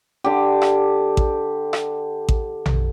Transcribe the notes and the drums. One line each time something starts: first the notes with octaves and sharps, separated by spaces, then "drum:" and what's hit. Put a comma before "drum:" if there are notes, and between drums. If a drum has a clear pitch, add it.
D3 G4
drum: rim click
drum: kick A1
drum: rim click
drum: kick A1
drum: tom A#1